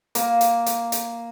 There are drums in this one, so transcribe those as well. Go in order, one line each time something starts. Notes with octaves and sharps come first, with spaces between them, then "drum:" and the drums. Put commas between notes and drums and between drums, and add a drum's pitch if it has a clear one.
A#3, drum: hi-hat
drum: hi-hat
drum: hi-hat
drum: hi-hat